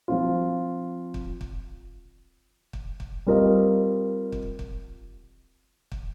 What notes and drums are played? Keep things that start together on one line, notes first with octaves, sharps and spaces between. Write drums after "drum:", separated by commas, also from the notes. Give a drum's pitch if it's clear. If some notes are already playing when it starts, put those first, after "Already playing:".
F3 C4 F4
drum: kick
drum: kick
drum: kick
drum: kick
G3 C4 F4 A#4 D#5
drum: kick
drum: kick
drum: kick